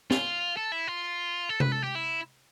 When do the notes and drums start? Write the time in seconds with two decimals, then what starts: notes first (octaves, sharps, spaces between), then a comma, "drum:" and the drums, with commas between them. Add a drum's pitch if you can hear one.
0.11 F4, drum: snare
0.57 A4
0.72 E4
0.88 F4
1.49 A4
1.60 B4, drum: tom C3
1.72 A4
1.84 G4
1.95 E4